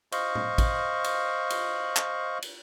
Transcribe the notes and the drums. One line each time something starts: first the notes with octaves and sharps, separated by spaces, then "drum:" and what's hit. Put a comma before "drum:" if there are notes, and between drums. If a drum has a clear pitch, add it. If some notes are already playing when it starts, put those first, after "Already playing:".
C5 D#5 F5 C#6, drum: cymbal
drum: tom A2
drum: kick, cymbal
drum: cymbal
drum: cymbal
drum: clap
drum: cymbal